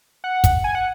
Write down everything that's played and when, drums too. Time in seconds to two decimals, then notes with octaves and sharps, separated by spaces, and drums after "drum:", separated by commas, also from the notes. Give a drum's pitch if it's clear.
0.24 F#5
0.44 drum: kick, hi-hat
0.64 G#5
0.75 F#5